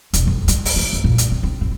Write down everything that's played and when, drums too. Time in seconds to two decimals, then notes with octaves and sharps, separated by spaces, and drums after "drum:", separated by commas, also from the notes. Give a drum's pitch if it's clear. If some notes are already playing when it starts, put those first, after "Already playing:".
0.13 E1, drum: hi-hat
0.27 F2
0.48 G#3, drum: hi-hat
0.65 drum: open hi-hat
0.76 A3
0.93 F#1
1.04 A#2
1.18 drum: hi-hat
1.32 C4
1.43 C4
1.61 C4